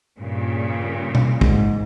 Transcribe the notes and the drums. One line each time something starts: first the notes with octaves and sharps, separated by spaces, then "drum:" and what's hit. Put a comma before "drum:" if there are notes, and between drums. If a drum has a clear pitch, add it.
G2 A#2 C#3
drum: tom B2
G#2, drum: kick